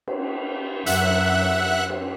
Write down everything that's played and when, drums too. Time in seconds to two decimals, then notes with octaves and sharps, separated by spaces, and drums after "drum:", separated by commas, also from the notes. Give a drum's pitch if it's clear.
0.07 drum: cymbal
0.86 F#2 E5 F#5 F#6, drum: hi-hat
1.90 drum: cymbal